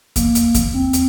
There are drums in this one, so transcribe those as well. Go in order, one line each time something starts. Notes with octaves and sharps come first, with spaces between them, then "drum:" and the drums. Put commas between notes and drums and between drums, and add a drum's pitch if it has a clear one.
A#3, drum: kick E2, hi-hat
drum: hi-hat
drum: kick E2, hi-hat
C4
drum: hi-hat